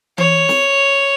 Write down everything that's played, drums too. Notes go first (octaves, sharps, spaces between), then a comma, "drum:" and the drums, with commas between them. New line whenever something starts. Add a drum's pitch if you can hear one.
C#5, drum: tom E3
drum: snare